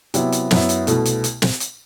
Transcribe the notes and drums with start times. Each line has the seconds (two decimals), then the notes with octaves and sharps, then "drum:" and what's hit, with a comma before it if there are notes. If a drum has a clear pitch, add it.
0.14 C3 F#3 B3 E4, drum: hi-hat
0.32 drum: hi-hat
0.51 F#2 F#3 B3 E4, drum: snare
0.69 drum: hi-hat
0.87 C2 B2 A3, drum: hi-hat
1.05 drum: hi-hat
1.24 drum: hi-hat
1.42 drum: snare
1.60 drum: hi-hat